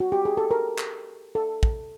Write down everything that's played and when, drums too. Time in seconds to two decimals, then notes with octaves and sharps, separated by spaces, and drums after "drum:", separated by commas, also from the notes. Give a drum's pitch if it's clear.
0.00 F#4
0.12 G4
0.25 G#4
0.37 A4
0.51 A#4
0.78 drum: clap
1.35 A4
1.63 drum: kick